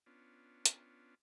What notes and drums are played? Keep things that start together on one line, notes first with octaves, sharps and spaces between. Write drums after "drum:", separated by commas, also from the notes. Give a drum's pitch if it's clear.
B3 C#4 D4 F4
drum: hi-hat